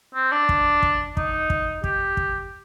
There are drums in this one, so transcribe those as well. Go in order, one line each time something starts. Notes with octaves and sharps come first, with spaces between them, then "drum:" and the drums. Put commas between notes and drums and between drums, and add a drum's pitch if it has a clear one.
C4
D4
drum: kick
drum: kick
D#4, drum: kick
drum: kick
G4, drum: kick
drum: kick